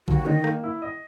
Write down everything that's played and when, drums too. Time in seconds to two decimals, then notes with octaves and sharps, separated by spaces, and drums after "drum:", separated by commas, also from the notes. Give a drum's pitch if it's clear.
0.08 D#2 F#4, drum: kick A1
0.26 D#3 D#5
0.44 A#3, drum: rim click
0.63 E4
0.82 D#5